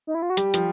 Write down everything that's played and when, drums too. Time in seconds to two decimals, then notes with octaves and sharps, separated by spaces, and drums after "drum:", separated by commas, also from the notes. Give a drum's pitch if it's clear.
0.07 D#4
0.15 E4
0.22 F4
0.30 F#4
0.37 G3 G4, drum: hi-hat
0.54 F3, drum: hi-hat